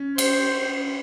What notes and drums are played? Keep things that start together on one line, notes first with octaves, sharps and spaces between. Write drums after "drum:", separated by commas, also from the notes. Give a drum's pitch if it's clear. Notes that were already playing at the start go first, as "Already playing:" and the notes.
Already playing: C#4
C5, drum: cymbal